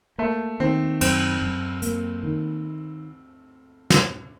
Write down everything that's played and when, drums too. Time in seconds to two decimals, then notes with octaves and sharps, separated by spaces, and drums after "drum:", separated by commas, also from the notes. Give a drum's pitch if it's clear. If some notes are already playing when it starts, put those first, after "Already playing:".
0.18 A3 A#3
0.60 D#3 C4
1.01 F#2 C4, drum: cymbal
1.42 F#2
1.82 A#3, drum: hi-hat
2.23 D#3
3.90 drum: snare